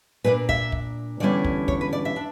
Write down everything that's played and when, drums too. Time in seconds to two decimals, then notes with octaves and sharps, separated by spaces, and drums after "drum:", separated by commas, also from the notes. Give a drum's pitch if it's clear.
0.24 A#2 A#3 D4 B4
0.49 E5, drum: kick
0.72 drum: kick
1.20 E2 D3 G3 C#4 E4 D5
1.44 drum: kick
1.68 C#5, drum: kick
1.81 B4
1.93 D5
2.05 E5
2.16 D4